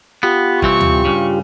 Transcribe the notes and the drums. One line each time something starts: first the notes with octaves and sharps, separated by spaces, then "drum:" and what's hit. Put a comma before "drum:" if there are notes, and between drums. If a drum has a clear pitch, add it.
B3 F4 G4
C2 E3 C4 C#6, drum: kick
drum: tom D2
G2 C#3